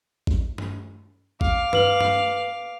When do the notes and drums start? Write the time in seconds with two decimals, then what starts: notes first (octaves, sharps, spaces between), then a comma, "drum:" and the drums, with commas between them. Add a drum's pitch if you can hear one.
0.27 drum: kick G#1
0.58 drum: tom G2
1.41 F5 D6, drum: kick G#1
1.73 B4 F#7, drum: tom G2
2.01 drum: tom G2